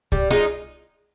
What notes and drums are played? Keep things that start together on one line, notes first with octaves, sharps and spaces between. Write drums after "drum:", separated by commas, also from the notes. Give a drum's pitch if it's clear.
G3, drum: kick C2
G#3 D#4 F4